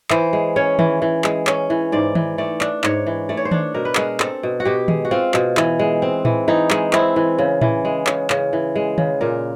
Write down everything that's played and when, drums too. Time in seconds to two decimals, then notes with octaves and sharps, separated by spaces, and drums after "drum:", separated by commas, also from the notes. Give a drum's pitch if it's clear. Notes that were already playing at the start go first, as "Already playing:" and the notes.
0.10 E3 C5, drum: clap
0.33 G#3
0.56 C#4 C#5
0.79 E3, drum: tom D#3
1.02 E3
1.24 G#3, drum: clap
1.47 C#4, drum: clap
1.70 E3
1.92 G#2 D5
2.15 E3, drum: tom D#3
2.38 A3 D5
2.61 D4, drum: clap
2.84 G#2 C#5, drum: clap
3.06 E3
3.29 A3 D5
3.37 C#5
3.45 C5
3.51 D4 C#5, drum: tom D#3
3.74 B2 A#4
3.85 B4
3.95 G#3 A#4, drum: clap
4.20 C4 A4, drum: clap
4.43 B2
4.60 F#4
4.65 B2 G4
4.88 G#3, drum: tom D#3
5.05 F#4
5.11 C4 F4
5.34 B2, drum: clap
5.57 E3, drum: clap
5.79 G#3
6.02 C4
6.25 E3, drum: tom A2
6.48 E3 D#4
6.71 G#3, drum: clap
6.93 C4 E4, drum: clap
7.16 E3
7.39 C#3
7.61 E3, drum: tom A2
7.85 G#3
8.07 C#3, drum: clap
8.30 C#3, drum: clap
8.53 E3
8.76 G#3
8.98 C#3, drum: tom D#3
9.21 A#2 A#4